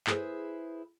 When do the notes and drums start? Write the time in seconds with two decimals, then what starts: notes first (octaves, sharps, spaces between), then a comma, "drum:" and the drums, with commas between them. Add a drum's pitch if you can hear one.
0.07 E4 G#4 A4 B4 C5, drum: clap